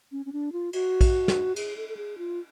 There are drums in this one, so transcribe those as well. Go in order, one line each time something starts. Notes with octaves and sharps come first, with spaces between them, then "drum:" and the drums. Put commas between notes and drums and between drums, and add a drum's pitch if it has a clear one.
C#4
C#4
D4
F4
F#4, drum: cymbal
drum: kick A#1, cymbal
drum: snare
G#4, drum: cymbal
A4
A4
G#4
F4